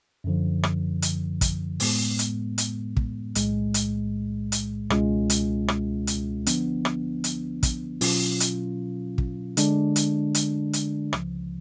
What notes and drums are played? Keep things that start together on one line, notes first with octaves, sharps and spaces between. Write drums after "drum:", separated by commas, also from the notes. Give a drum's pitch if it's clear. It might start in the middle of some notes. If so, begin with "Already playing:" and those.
F#2 D3 F3
drum: rim click
drum: hi-hat
drum: kick, hi-hat
A2 G#3 B3, drum: open hi-hat
drum: hi-hat
drum: hi-hat
drum: kick
B1 A2 G#3, drum: hi-hat
drum: hi-hat
drum: hi-hat
C#2 B2 G#3 C#4 F4, drum: rim click
drum: hi-hat
drum: rim click
drum: hi-hat
D3 F3 B3 D4, drum: hi-hat
drum: rim click
drum: hi-hat
drum: kick, hi-hat
B2 F#3 C#4 F4, drum: open hi-hat
drum: hi-hat
drum: kick
D3 G#3 D4, drum: hi-hat
drum: hi-hat
drum: hi-hat
drum: hi-hat
C#2 C#3 F3, drum: rim click